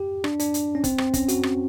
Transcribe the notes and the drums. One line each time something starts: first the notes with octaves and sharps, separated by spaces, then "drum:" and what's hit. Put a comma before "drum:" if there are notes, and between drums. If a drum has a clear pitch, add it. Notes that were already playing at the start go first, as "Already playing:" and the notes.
Already playing: G4
D4, drum: rim click
D4, drum: hi-hat
drum: hi-hat
C#4
C4, drum: kick, hi-hat
C4, drum: rim click
C#4, drum: kick, hi-hat
F#4, drum: hi-hat
drum: rim click